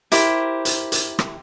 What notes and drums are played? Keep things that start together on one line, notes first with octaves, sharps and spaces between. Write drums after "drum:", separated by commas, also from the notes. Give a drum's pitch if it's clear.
E4 G4 A#4 C5, drum: hi-hat
drum: hi-hat
drum: hi-hat
drum: rim click